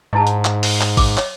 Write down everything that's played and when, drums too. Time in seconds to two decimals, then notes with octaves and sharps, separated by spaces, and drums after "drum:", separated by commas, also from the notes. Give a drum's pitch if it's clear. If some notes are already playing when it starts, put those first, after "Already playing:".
0.13 G#2 D#4 E4 A5
0.27 drum: hi-hat
0.45 drum: clap
0.63 drum: open hi-hat
0.81 drum: clap
0.97 D6, drum: kick, open hi-hat
1.17 C#5 D#5, drum: clap